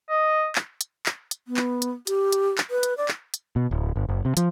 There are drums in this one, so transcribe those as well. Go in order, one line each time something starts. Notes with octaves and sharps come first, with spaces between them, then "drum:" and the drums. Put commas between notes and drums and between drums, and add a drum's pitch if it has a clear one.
D#5
drum: clap
drum: hi-hat
drum: clap
drum: hi-hat
B3
drum: clap
drum: hi-hat
G4, drum: hi-hat
drum: hi-hat
drum: clap
B4
drum: hi-hat
D5
drum: clap
drum: hi-hat
B2
D1
G1
F#1
C3
F3, drum: hi-hat